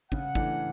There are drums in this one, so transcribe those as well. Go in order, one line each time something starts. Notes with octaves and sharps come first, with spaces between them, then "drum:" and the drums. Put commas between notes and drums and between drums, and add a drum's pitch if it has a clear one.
C#3 F#5, drum: kick
E3 A3 D4, drum: kick